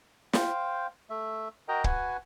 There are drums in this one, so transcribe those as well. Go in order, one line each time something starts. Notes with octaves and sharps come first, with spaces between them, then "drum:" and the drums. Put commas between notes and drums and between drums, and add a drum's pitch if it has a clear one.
C5 F5 G5, drum: snare
A3 E5
F#4 A#4 D#5 G5 A#5
F#4 B4 F#5 G#5, drum: kick